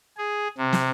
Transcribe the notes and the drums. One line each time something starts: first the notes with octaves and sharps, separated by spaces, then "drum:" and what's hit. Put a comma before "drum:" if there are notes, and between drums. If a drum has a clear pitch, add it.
G#4
C3
drum: snare